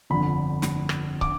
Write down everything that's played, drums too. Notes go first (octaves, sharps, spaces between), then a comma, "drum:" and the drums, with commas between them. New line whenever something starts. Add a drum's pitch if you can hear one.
G1 F2 D3 F3 B5
drum: snare
drum: rim click
D6, drum: kick